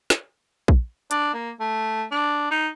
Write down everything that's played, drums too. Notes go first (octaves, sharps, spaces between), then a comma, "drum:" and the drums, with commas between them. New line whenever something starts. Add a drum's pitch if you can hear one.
drum: snare
drum: kick A#1
D4, drum: hi-hat
A#3
A3
D4
D#4